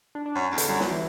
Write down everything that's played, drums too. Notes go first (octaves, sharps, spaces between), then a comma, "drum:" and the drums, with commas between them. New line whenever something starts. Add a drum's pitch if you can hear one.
D4
D4
F#2 C#4
E2
D3, drum: hi-hat
F#2 G3
F#3, drum: snare
E3